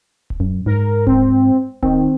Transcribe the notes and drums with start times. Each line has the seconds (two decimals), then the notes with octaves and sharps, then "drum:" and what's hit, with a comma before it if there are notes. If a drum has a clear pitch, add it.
0.30 drum: kick D1
0.40 F#2
0.66 G#2 A#4
1.07 C4, drum: kick D1
1.83 D#3 C4, drum: kick D1